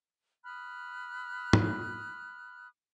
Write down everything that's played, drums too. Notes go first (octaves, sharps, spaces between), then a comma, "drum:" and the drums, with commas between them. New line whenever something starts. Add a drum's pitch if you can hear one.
B5 D#6 F6 F#6
drum: tom